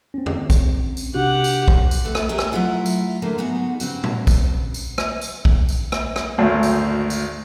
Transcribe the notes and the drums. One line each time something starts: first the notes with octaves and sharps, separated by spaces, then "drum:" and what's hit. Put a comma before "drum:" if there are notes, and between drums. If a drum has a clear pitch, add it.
C4 C#4
drum: tom F2
drum: kick A#1, tambourine
drum: tambourine
C3 D4 F#4 G4 F#5
drum: tambourine
drum: kick A#1
drum: tambourine
A3 A4 B4
drum: rim click
G#3 G4 G#4 A#4 C#5 G5
drum: rim click
F#3 A3 E4 F4 F#5
drum: tambourine
D2 D3 E3 F#3 A3 A#3
G#2 G#3 B3 D#4 F#4
G2 C#3 C4 F#4, drum: tambourine
drum: tom
drum: kick A#1, tambourine
drum: tambourine
drum: rim click
drum: tambourine
drum: kick A#1
drum: tambourine
drum: rim click
drum: rim click
G#1 D2
drum: tambourine
drum: tambourine